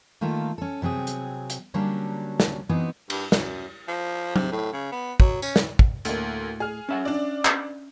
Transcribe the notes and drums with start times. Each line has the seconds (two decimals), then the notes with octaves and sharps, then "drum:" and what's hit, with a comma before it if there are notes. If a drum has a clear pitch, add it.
0.21 D#3 A3 A#3 F4 A4
0.58 C#4 A4
0.82 C3 F#3 C4 G#4
1.07 drum: hi-hat
1.50 drum: hi-hat
1.74 D3 F#3 G3 A#3 C#4 D4
2.40 drum: snare
2.69 E3 F#3 B3 C4 D#4
3.10 G2, drum: cymbal
3.32 F#2, drum: snare
3.88 F3
4.36 C3, drum: tom F#3
4.52 A2
4.73 C#3
4.92 B3
5.20 F#3, drum: kick
5.42 C#4, drum: tambourine
5.56 drum: snare
5.79 drum: kick
6.05 D2 A2 A#3, drum: hi-hat
6.60 G#4 F6
6.89 C#4 E5 F#5
7.05 D4 D5
7.45 drum: clap